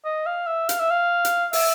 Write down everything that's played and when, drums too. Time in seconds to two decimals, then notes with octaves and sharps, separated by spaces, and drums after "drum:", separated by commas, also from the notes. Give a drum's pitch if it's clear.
0.05 D#5
0.26 F5
0.47 E5
0.69 F5, drum: hi-hat
0.79 E5
0.91 F5
1.25 drum: hi-hat
1.53 E5, drum: open hi-hat